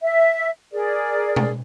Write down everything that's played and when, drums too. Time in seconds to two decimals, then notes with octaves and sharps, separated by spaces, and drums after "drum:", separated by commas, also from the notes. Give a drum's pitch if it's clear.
0.01 E5
0.72 G#4 A#4 D5
1.36 drum: tom